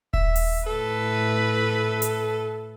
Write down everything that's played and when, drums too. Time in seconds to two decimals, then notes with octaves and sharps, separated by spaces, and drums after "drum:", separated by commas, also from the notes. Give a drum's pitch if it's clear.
0.13 E5, drum: kick D#1
0.36 drum: open hi-hat
0.67 A2 A4 B4
2.02 drum: hi-hat